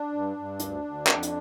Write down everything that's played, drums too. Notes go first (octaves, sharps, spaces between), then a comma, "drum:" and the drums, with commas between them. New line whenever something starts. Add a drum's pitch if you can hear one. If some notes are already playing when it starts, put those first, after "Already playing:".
Already playing: D4
G2
G2
D2, drum: hi-hat
D2
F2, drum: clap
drum: hi-hat